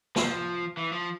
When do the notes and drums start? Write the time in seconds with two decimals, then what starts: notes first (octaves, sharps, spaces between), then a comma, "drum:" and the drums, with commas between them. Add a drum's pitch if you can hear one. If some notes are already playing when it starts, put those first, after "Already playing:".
0.16 F3, drum: snare
0.77 E3
0.92 F3